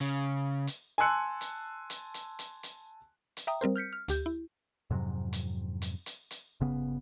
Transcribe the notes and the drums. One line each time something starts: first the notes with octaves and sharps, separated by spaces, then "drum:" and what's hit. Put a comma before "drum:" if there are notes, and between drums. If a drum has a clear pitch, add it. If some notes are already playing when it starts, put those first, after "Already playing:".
C#3
drum: hi-hat
G#5 A5 C6 E6 F#6 C#7
drum: hi-hat
drum: hi-hat
drum: hi-hat
drum: hi-hat
drum: hi-hat
drum: hi-hat
E5 G5 A#5 D#6
G3 C4 A#4 C5
F6 G6 B6 C#7
F6
D2 G4 G6, drum: hi-hat
E4
F2 G#2 C3 F#3
drum: hi-hat
drum: hi-hat
drum: hi-hat
drum: hi-hat
G1 C#3 B3